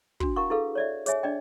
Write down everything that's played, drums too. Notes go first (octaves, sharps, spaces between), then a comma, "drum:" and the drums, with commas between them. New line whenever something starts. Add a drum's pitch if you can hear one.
D4 F#4, drum: kick
E4 A#4 F5 F#5 C#6
E4 G#4 A4 B4 F5
C#5 D5 E5
G#4 C#5 E5 G#5, drum: hi-hat
D4 D5 D#5 G5